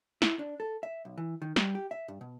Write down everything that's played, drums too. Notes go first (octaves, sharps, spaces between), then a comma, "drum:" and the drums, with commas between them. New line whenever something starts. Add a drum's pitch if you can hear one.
E4, drum: snare
D4
A4
E5
B1
E3
D#3
G3, drum: snare
G4
E5
G2
B2